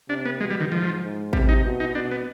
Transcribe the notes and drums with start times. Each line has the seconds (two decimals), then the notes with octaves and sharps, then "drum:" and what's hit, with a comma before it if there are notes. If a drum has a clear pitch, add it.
0.09 C3 D4
0.25 B3
0.40 B2 G#3
0.50 G3
0.60 D#3
0.71 G#2 F3
1.03 G#2
1.33 C3 G3, drum: kick G#1
1.49 D#4
1.65 B2
1.80 D#4
1.95 B2 D4
2.11 B3